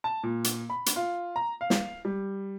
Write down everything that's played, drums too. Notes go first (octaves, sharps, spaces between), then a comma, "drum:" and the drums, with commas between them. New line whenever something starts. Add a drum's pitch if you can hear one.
A5
A#2
drum: hi-hat
B5
drum: hi-hat
F4
A#5
F5
drum: snare
G3